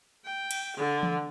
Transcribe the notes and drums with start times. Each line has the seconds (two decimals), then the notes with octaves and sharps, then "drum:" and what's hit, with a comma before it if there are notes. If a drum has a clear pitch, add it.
0.25 G5
0.51 drum: cymbal
0.77 D3
1.03 drum: tom E3